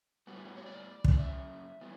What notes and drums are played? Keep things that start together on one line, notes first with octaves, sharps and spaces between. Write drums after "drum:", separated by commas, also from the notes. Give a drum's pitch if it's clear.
A2 G3 B3 F#4
E4
F#4
C#5
D5
F#2 C#3, drum: kick
D5
E5
E3 G3 B3